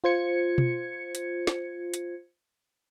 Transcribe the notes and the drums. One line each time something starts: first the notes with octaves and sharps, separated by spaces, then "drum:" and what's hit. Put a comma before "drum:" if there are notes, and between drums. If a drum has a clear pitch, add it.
F4 C5 G#6 C#7
drum: tom B2
drum: hi-hat
drum: snare
drum: hi-hat